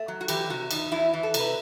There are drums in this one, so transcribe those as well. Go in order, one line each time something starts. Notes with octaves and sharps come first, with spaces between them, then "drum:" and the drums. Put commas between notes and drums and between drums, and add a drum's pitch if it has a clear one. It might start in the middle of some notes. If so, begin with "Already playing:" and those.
Already playing: A3
F#3
F#4
E3 G4, drum: cymbal
C3 F#4
E2 D#4, drum: cymbal
E2 E4
E3
A4
C3, drum: cymbal
B4